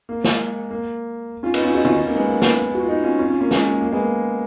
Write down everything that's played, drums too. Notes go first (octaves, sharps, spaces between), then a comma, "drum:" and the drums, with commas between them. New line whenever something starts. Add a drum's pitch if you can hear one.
A#3
G#3, drum: snare
A#3
C#4 F4
B3 D#4, drum: cymbal
C#4 F4
D#4 F#4
C#4 F4, drum: tom
B3 D#4
A#3 C#4
G#3 B3
A#3
G#3 B3, drum: snare
F#4
F4
B3 D#4
C#4 F4
C#4 F4
C#4 F4
A#3 C#4
G#3, drum: snare
A#3
A#3
G#3 B3
A#3